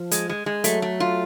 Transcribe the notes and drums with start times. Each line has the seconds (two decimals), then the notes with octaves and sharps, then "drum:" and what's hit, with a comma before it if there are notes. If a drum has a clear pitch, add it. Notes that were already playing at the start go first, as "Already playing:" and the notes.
Already playing: F3
0.11 G#3, drum: hi-hat
0.29 G#3
0.46 G#3
0.64 F#3 A3, drum: hi-hat
0.82 A3
1.00 F4